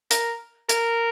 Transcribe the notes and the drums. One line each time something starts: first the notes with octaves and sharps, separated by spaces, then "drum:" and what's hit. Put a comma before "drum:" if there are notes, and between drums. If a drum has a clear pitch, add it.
A#4, drum: hi-hat
A#4, drum: hi-hat